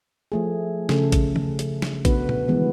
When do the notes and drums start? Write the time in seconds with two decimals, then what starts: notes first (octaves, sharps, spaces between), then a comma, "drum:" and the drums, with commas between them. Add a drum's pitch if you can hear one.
0.32 F3 A3 G#4
0.89 C#3 A3 A4, drum: snare
1.12 drum: kick, hi-hat
1.36 drum: tom
1.59 drum: hi-hat
1.82 drum: snare
2.05 B3 D4 F#4 B4, drum: kick, hi-hat
2.29 drum: tom A#2
2.48 D#3 E3 G3 G#3 B3 D#4